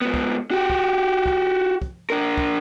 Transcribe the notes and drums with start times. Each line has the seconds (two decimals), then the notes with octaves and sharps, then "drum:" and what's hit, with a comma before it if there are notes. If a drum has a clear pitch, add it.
0.02 G#2 B3
0.14 drum: kick
0.51 F#4 G4
0.70 drum: kick
1.26 drum: kick
1.82 drum: kick
2.10 D4 A#4
2.38 drum: kick